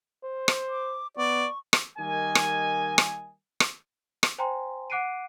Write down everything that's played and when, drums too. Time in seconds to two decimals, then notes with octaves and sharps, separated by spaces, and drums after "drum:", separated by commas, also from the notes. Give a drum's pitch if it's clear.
0.24 C5
0.48 drum: rim click
0.69 D6
1.17 B3 D5 C#6
1.73 drum: rim click
1.98 D#3 G3 A#3 D#5 G#5
2.35 drum: rim click
2.98 drum: rim click
3.60 drum: rim click
4.23 drum: rim click
4.38 C5 G5 G#5 A#5 C6
4.90 F#5 D6 F#6 C7 D7 D#7